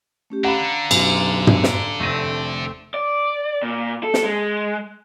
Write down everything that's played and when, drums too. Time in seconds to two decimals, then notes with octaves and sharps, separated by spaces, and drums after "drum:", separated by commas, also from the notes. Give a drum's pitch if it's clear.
0.30 A3 C#4 G4
0.44 D3 F5 F#5 A#5 B5
0.91 B1 F#2, drum: cymbal
1.47 drum: tom
1.63 drum: snare
2.00 F1 A3 C4 A#6 D#7
2.94 D5
3.62 A#2
4.03 A4
4.14 drum: snare
4.23 G#3